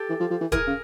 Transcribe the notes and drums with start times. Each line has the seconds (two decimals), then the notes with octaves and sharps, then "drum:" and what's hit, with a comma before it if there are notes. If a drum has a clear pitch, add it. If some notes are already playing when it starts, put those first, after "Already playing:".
Already playing: G4 A4
0.10 E3
0.20 F3
0.30 F3
0.41 E3
0.52 E3 G#4 A#4, drum: kick, hi-hat
0.67 C#3